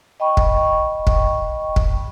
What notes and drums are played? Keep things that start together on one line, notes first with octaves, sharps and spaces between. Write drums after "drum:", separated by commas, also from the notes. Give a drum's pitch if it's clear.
D#5 G5 B5 C#6
drum: kick
drum: kick
drum: kick